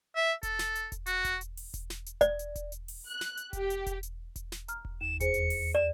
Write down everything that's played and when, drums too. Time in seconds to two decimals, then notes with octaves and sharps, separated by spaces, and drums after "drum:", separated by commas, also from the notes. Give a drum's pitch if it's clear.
0.16 E5
0.43 A4, drum: kick E1, hi-hat
0.59 drum: snare
0.75 drum: hi-hat
0.92 drum: kick E1, hi-hat
1.06 F#4, drum: hi-hat
1.25 drum: kick E1, hi-hat
1.41 drum: hi-hat
1.57 drum: open hi-hat
1.74 drum: kick E1, hi-hat
1.90 drum: snare
2.06 drum: hi-hat
2.21 D5, drum: kick E1, hi-hat
2.39 drum: hi-hat
2.56 drum: kick E1, hi-hat
2.72 drum: hi-hat
2.88 drum: open hi-hat
3.08 F#6
3.21 drum: snare
3.37 drum: hi-hat
3.53 G4, drum: kick E1, hi-hat
3.70 drum: hi-hat
3.86 drum: kick E1, hi-hat
4.03 drum: hi-hat
4.36 drum: kick E1, hi-hat
4.52 drum: snare
4.68 A#5 F6, drum: hi-hat
4.85 drum: kick E1
5.01 D#2 E7
5.20 E2 G#4 C5 C#7, drum: kick E1, hi-hat
5.34 drum: hi-hat
5.50 drum: open hi-hat
5.75 D5 E7